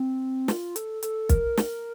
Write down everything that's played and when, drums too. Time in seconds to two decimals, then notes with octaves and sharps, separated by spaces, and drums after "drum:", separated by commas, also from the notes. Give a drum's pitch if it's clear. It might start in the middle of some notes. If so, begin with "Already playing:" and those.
Already playing: C4
0.48 F4, drum: snare
0.76 A4, drum: hi-hat
1.03 A4, drum: hi-hat
1.29 A#4, drum: kick, hi-hat
1.57 drum: snare